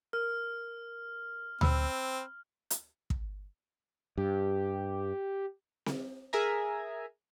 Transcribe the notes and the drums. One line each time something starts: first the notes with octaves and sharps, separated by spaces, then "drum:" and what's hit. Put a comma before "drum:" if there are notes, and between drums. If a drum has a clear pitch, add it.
A#4 F6
C4 B5 E6, drum: tom D2
drum: hi-hat
drum: kick
G2 G4
drum: snare C4
G#4 A#4 E5 G#5 A#5